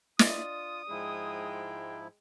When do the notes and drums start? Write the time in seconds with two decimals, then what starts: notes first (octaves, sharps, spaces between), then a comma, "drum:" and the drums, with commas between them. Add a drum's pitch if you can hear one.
0.19 D4 F4 D5 D#5 D#6, drum: snare
0.90 G#2 F3 G#3 E4 G5